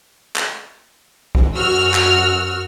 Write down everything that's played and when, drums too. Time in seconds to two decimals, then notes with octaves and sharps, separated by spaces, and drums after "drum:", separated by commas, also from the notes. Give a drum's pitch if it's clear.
0.36 drum: clap
1.35 drum: kick C2
1.55 F#2 F#4 E6 F6
1.94 drum: clap